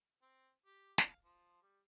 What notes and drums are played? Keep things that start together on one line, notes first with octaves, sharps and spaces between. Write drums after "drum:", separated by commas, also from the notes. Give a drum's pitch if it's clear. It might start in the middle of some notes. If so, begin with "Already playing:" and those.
C4
G4
F5, drum: snare
F3
G3